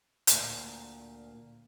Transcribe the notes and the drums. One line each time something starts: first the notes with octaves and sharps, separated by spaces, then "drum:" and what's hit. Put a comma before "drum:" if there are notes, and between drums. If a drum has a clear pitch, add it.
D2 A#2 G#5, drum: hi-hat